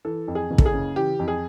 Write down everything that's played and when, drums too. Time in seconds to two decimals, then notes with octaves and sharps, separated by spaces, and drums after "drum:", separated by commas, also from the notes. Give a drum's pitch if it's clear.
0.05 E3 A4
0.28 F2
0.35 G#4
0.51 F#1
0.58 A4, drum: kick
0.66 G#4
0.74 C#3
0.96 E3 G4
1.19 F2
1.28 G#4